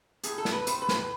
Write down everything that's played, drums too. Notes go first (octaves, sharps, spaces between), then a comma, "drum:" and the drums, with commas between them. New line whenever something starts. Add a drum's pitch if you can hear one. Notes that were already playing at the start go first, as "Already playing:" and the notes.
A2 G#4, drum: hi-hat
A4
A3, drum: snare
B4
A2 C5, drum: hi-hat
B4
A2 C5, drum: snare
B4